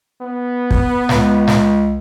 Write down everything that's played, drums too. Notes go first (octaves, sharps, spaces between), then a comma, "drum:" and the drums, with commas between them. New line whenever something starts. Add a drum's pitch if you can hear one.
B3
drum: kick
C#2, drum: snare
drum: snare